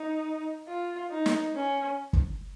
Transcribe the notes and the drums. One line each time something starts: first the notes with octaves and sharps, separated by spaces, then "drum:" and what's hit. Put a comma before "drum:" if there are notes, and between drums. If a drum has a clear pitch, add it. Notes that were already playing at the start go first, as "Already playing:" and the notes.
Already playing: D#4
F4
D#4
drum: snare
C#4
drum: kick G1